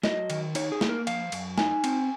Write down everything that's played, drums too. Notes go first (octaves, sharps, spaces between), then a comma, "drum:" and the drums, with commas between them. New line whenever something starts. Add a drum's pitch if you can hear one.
F#3 D#5, drum: snare
D#3, drum: cymbal
D#4 C#5, drum: cymbal
G#4
A#3, drum: snare
A#4
F3 F5, drum: cymbal
F#2, drum: cymbal
D#4 G#5, drum: snare
C4, drum: cymbal